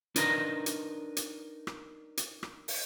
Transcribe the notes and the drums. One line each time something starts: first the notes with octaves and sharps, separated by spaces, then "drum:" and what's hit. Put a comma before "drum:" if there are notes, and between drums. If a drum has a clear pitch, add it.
D4 D#4 A#4 B4 A#5, drum: hi-hat
drum: hi-hat
drum: hi-hat
drum: rim click
drum: hi-hat
drum: rim click
drum: open hi-hat